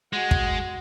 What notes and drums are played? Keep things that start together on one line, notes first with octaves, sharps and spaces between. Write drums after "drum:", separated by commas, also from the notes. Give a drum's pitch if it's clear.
G#3 F#4 F#5
drum: kick